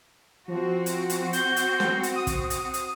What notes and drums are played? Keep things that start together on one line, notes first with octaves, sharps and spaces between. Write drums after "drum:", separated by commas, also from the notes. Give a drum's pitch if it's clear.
F3 C4 F#4
drum: hi-hat
drum: hi-hat
G6, drum: hi-hat
drum: hi-hat
drum: snare
drum: hi-hat
D#6
drum: kick, hi-hat
drum: hi-hat
drum: hi-hat